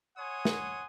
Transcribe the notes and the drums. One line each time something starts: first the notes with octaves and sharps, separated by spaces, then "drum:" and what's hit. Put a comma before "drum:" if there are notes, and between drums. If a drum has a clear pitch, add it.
C#5 F#5 G#5 C6 D#6
drum: snare